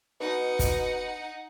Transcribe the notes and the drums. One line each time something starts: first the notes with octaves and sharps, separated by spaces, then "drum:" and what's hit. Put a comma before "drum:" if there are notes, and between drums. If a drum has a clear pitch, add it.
B2 D#4 F#5
drum: kick, hi-hat